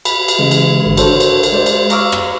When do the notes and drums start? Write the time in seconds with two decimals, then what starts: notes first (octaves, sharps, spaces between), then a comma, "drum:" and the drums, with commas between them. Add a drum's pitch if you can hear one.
0.05 B5, drum: cymbal
0.28 drum: cymbal
0.39 C#3 E3 G#3
0.51 drum: cymbal
0.82 G#1 D3
0.97 D4 F#4 A4 A#4 C5 C#5, drum: cymbal
1.20 drum: cymbal
1.43 drum: cymbal
1.52 G#3 C5 D5
1.66 drum: cymbal
1.90 F5 A#5 C#6 D6 E6 F6, drum: cymbal
2.12 drum: rim click